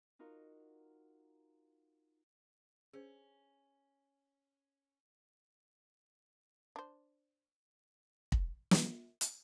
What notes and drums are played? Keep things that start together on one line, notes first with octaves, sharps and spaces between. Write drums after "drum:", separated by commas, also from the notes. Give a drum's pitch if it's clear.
D#4 F4 F#4 A#4
C#4 G#4 C5
D4 C5
drum: kick
drum: snare
drum: hi-hat